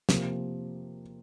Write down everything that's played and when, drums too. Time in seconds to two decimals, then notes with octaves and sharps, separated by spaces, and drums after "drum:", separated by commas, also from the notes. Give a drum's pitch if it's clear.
0.09 C3 F3 A#3, drum: snare